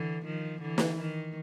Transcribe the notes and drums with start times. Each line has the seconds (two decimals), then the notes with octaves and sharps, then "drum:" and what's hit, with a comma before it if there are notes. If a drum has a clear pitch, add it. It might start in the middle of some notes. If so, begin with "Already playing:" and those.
Already playing: D3 E3
0.25 D#3 F3
0.61 D3 E3
0.78 drum: snare
0.98 D#3